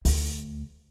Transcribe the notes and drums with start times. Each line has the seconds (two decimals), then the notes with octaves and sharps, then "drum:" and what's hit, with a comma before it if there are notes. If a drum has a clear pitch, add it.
0.05 D2, drum: open hi-hat